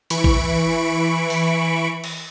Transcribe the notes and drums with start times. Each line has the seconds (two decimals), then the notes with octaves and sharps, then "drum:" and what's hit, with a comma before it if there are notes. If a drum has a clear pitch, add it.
0.10 E3 B5 C#6 D7, drum: hi-hat
0.24 drum: kick A1
1.30 drum: open hi-hat
2.04 drum: cymbal